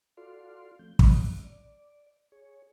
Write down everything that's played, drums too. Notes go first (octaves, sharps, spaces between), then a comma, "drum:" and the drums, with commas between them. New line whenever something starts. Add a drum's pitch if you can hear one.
F4 F#4 A4 D5 F5 C6
F3 A3 C4 G6
C#5 D#5 F5 D#6 F#6, drum: kick
G2 D#3 F3 G3 C4
D5
G#4 C#5